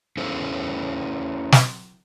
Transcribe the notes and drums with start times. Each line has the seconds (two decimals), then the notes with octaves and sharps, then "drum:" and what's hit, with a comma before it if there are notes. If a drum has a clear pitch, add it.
0.17 C#4 E4 A4 C5
1.52 drum: snare